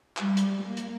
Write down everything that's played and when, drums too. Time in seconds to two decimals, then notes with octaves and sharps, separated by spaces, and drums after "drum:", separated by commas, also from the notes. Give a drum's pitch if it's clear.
0.17 G3, drum: clap
0.37 drum: hi-hat
0.63 A#3
0.77 drum: hi-hat